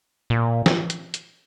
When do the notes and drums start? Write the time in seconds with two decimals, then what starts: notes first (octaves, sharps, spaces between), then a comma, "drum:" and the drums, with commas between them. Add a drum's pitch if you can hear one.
0.30 A#2
0.66 drum: snare
0.90 drum: hi-hat
1.14 drum: hi-hat